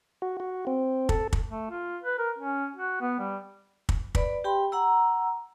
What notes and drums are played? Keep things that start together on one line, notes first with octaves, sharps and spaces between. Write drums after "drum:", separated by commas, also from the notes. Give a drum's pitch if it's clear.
F#4
F#4
C4
A4, drum: kick
drum: kick
A3
F4
B4
A#4
C#4
F#4
B3
G3
drum: kick
B4 D5 B5, drum: kick
G4 G5 B5 C6
F#5 A#5 E6